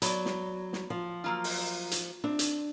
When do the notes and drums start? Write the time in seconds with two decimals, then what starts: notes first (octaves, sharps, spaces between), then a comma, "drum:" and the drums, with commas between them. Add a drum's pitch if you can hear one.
0.02 F#3 B3 D5, drum: hi-hat
0.25 drum: snare
0.73 drum: snare
0.90 F3
1.24 F#3 A#3 F4
1.44 drum: open hi-hat
1.91 drum: hi-hat
2.24 C4 D4
2.39 drum: hi-hat